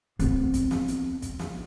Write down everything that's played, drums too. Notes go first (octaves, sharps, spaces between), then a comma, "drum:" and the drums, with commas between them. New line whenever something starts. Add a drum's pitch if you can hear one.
B3 C4, drum: hi-hat
drum: kick, hi-hat
drum: snare
drum: hi-hat
drum: kick, hi-hat
drum: snare